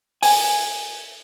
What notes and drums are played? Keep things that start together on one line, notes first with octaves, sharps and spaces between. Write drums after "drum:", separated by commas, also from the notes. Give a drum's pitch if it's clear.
G#5, drum: open hi-hat